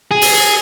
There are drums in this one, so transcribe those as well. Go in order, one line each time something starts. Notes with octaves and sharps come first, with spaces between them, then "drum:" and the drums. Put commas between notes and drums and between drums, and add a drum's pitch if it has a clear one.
G#4
drum: open hi-hat